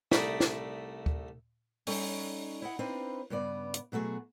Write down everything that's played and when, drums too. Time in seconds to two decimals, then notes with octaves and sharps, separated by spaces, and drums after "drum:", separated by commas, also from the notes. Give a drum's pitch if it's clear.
0.12 C2 A3 D#4 D5 B5, drum: snare
0.40 drum: snare
1.06 drum: kick D2
1.87 G3 C#4 D#4 A4 C#5 D#5, drum: open hi-hat
2.62 E4 D#5 F#5
2.79 C4 D4 D#4 B4 C5 F5
3.30 G2 C#3 B3 D5
3.74 drum: hi-hat
3.92 B2 F#3 A3 F#4 G#4